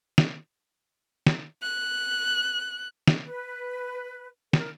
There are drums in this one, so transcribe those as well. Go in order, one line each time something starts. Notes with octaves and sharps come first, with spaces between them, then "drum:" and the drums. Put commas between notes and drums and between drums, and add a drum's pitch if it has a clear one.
drum: snare
drum: snare
F#6
drum: snare
B4
A#4, drum: snare